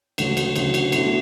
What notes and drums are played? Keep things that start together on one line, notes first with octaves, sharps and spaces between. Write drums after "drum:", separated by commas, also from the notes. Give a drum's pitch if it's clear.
D2 C#3 F#3 C#4 F#4, drum: cymbal
drum: cymbal
D2 C#3 F#3 C#4 F#4, drum: cymbal
drum: cymbal
B2 A3 E4, drum: cymbal